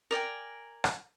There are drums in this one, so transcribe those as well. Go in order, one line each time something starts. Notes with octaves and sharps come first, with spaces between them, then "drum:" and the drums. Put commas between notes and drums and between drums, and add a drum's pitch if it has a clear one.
A#4 D5 G5 G#5
drum: rim click